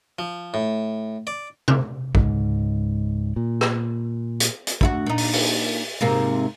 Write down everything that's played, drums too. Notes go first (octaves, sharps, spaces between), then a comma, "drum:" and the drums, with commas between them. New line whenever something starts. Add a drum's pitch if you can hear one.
F3
A2
D5
drum: tom C3
C#2 G#2, drum: kick
A#2
drum: rim click
drum: hi-hat
drum: hi-hat
D2 E4 F#4, drum: kick
A#2 D#4
drum: open hi-hat
drum: open hi-hat
G#2 C3 A#3